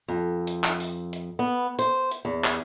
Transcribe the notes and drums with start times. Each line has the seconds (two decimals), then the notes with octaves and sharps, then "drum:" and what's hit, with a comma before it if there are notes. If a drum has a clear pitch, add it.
0.08 F2
0.47 drum: hi-hat
0.64 drum: clap
0.80 drum: open hi-hat
1.13 drum: hi-hat
1.39 B3
1.79 C5, drum: hi-hat
2.11 drum: hi-hat
2.25 E2
2.44 drum: clap